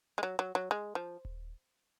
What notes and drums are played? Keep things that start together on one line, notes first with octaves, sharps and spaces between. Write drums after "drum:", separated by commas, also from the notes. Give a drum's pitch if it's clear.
G#3
F#3
F#3
F#3
G#3
F3
drum: kick D#1